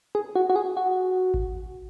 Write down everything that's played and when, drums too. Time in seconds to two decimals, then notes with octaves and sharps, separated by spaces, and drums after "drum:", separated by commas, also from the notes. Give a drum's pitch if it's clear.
0.15 G#4
0.36 F#4
0.50 F#4
0.56 G#4
0.77 F#4
1.34 drum: kick G#1